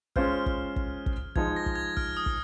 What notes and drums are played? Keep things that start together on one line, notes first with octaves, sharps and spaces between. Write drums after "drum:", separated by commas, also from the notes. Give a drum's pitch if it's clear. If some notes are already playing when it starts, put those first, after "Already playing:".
G#3 C#4 F4 C5 F6, drum: kick
drum: kick
drum: kick
drum: kick
F3 G#3 D#4 G#6, drum: kick
A#6
drum: kick
G#6
F6, drum: kick
D#6
drum: kick